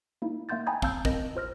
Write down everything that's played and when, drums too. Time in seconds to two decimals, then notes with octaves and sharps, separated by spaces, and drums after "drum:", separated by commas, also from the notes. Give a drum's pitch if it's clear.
0.22 A#3 D#4 E4
0.49 A#3 E5 F#5 C6 G6 A6
0.67 G5 G#5 A#5 B5 D#6 G#6
0.82 C4 F5 A5 E6 G6, drum: kick
1.05 C4 A#4 D#5 A#6, drum: kick
1.35 F4 C5 F6 A#6